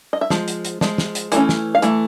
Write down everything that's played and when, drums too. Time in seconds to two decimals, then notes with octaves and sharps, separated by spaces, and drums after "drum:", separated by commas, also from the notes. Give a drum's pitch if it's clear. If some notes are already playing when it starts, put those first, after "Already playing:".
0.13 D#5
0.21 E5
0.30 F3 G#3, drum: snare
0.48 drum: hi-hat
0.65 drum: hi-hat
0.81 F3 G#3, drum: snare
0.98 drum: snare
1.15 drum: hi-hat
1.32 E3 A3 C#4, drum: hi-hat
1.49 drum: snare
1.75 F5
1.82 E3 A3, drum: hi-hat